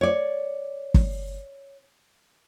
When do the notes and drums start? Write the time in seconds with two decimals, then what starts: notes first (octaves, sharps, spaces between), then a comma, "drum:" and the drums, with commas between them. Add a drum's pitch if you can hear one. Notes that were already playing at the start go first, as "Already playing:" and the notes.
0.01 C#5 D5
0.94 drum: kick